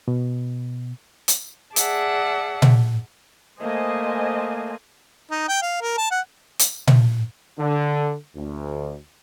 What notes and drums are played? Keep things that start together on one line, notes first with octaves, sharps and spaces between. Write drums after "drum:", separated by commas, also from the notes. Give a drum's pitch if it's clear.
B2
drum: hi-hat
G#4 D5 E5 F#5 A5, drum: hi-hat
drum: tom A#2
A3 A#3 C5 D#5 G#5
D#4
G5
F5
A#4
A5
F#5
drum: hi-hat
drum: tom A#2
D3
D2